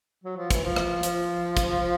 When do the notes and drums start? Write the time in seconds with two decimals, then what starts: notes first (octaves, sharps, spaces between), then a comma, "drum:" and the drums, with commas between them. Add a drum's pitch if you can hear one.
0.24 F#3
0.37 F3
0.51 E3, drum: kick, hi-hat
0.64 F3
0.76 drum: rim click
1.03 F3, drum: hi-hat
1.57 drum: kick, hi-hat